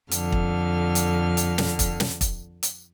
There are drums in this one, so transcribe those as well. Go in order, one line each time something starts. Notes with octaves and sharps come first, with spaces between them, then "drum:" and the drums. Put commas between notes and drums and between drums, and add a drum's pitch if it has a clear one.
F2 D3 F6, drum: hi-hat
drum: kick
drum: hi-hat
drum: hi-hat
drum: snare
drum: kick, hi-hat
drum: snare
drum: kick, hi-hat
drum: hi-hat